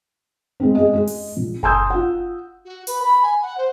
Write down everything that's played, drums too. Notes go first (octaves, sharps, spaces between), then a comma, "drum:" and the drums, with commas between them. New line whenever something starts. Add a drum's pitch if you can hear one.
G#3 B3 C4
G#4 D#5
G#3 G#4
drum: open hi-hat
A#1
G#5 A#5 C6 D#6 E6 G6, drum: kick F#1
F4 F#5
F#4
B4, drum: hi-hat
B5
G#5
F#5
C5